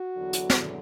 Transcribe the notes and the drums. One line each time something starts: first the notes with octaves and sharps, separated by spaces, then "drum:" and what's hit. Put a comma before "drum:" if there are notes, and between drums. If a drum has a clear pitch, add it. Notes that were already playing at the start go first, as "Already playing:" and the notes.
Already playing: F#4
E2 D3 F#3
drum: hi-hat
drum: snare